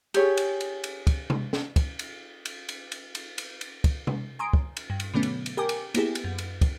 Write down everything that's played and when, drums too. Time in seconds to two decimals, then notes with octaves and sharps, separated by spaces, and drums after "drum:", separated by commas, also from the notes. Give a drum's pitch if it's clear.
0.14 G4 G#4 C#5, drum: cymbal
0.37 drum: cymbal
0.61 drum: cymbal
0.84 drum: cymbal
1.07 drum: kick, cymbal
1.30 drum: tom C3
1.53 drum: snare
1.76 drum: kick, cymbal
1.99 drum: cymbal
2.45 drum: cymbal
2.69 drum: cymbal
2.92 drum: cymbal
3.15 drum: cymbal
3.38 drum: cymbal
3.61 drum: cymbal
3.84 drum: kick, cymbal
4.07 drum: tom C3
4.39 G#5 A#5 C6 D#6 D7
4.53 drum: kick
4.77 drum: cymbal
4.90 G2
5.00 drum: cymbal
5.14 B2 D3 F#3 A3 B3 C#4
5.23 drum: cymbal
5.46 drum: cymbal
5.57 G4 A#4 G5 G#5 D6
5.69 drum: cymbal
5.94 A#3 B3 E4 G4 G#4, drum: cymbal
6.15 drum: cymbal
6.24 F#2
6.38 drum: cymbal
6.61 drum: kick, cymbal